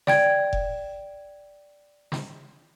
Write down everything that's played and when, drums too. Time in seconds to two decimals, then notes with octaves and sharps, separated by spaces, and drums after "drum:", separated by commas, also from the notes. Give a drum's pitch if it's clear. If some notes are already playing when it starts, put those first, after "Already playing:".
0.07 D5 G5 G#6, drum: snare
0.53 drum: kick F1
2.12 drum: snare